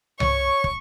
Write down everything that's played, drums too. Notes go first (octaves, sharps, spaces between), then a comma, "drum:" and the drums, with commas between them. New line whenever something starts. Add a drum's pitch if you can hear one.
C#5 C#6, drum: tom C2
drum: kick